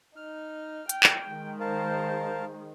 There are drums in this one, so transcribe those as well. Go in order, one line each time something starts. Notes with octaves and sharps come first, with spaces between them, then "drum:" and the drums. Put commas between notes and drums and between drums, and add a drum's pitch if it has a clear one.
D#4 F6
G5, drum: hi-hat
drum: clap
D#3 G#3
A#4 C5 F5 A5